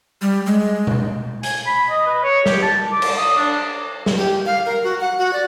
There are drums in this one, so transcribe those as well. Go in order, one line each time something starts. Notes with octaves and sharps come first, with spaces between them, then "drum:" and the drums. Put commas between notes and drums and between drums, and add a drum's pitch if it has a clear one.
G3
G#3
drum: tom B2
G#5, drum: hi-hat
B5
D#5
B4
C#5
G4, drum: snare
A5
D6
drum: cymbal
D#6
D4
drum: snare
G4
F5
A#4
F#4
F#5
F#4
D5